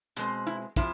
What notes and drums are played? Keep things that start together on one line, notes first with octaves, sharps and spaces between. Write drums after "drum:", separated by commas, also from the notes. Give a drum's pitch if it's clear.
B2 G#3 C4, drum: hi-hat
E4
C3 F3 E4, drum: kick, hi-hat